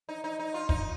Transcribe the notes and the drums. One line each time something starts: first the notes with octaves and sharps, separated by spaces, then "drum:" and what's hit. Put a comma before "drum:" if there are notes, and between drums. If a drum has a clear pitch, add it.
D#4
D#4
D#4
F4
D#4, drum: kick